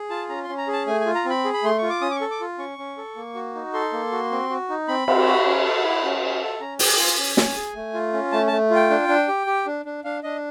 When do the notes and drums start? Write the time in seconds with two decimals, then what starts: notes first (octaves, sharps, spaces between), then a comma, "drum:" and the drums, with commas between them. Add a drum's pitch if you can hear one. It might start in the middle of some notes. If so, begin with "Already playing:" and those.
Already playing: G#4
0.10 F4 A5
0.29 C#4 A#5
0.44 C6
0.49 C#4
0.58 A#5
0.68 G#4
0.73 A5
0.87 A3 G#5
1.01 F4 G#5
1.15 A#5
1.25 C4 B5
1.45 G#4
1.53 B5
1.63 A3 C6
1.78 F4 C#6
1.90 D6
2.01 C#4 D#6
2.11 D6
2.16 C#6
2.21 A4
2.31 D6
2.41 F4
2.58 C#4 C#6
2.78 C#4
2.98 A4
3.16 A#3
3.35 F#4
3.55 D#4
3.74 A4 C6
3.93 A#3
4.12 F#4
4.32 C4
4.50 F#4
4.69 D#4
4.88 C4 B5
5.08 C4, drum: cymbal
5.27 F#4
5.46 C#4
5.64 A4
5.84 E4
6.04 C#4
6.23 C#4
6.42 A4
6.61 C#4 A#5
6.79 G#4 G5, drum: open hi-hat
6.95 G5
6.98 F4 G#5
7.18 C#4 G#5
7.37 C#4, drum: snare
7.56 G#4
7.75 A3
7.94 F4
8.13 C#4
8.32 A3 A5
8.47 A3 A5
8.70 F4
8.76 G5
8.90 D4
9.08 D4
9.28 G4
9.47 G4
9.66 D4
9.85 D4
10.04 D4 F5
10.23 D4 D#5